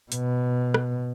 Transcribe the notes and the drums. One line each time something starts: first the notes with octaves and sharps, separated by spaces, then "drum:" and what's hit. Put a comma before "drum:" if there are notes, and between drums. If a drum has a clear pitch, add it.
B2, drum: hi-hat
drum: rim click